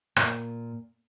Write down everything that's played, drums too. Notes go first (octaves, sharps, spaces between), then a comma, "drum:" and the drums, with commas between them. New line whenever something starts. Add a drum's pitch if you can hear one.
A#2, drum: rim click